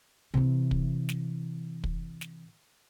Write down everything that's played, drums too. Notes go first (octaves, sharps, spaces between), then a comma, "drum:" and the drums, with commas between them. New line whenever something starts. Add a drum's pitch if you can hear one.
C3 E3
drum: kick
drum: snare
drum: kick
drum: snare